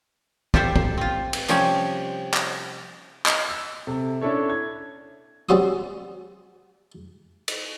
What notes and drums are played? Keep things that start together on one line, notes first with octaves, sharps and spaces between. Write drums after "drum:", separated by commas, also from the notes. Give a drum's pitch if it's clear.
F4 G4 A4 C5 D5 E5, drum: kick
drum: kick
C4 F4
drum: cymbal
C3 F3 G3 C4 C#4 C#5, drum: hi-hat
drum: clap
D#5, drum: clap
E6
C3 A4
C#4 D4 E4 A4 C#5
G#6
G3 C4 C#4 F#4 C6 D#6
drum: cymbal